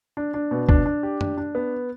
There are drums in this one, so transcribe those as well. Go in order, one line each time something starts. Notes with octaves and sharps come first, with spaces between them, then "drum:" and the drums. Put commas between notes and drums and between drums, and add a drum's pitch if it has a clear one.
D4
D4
B2
D4, drum: kick
D4
G4
D4, drum: tom
D4
B3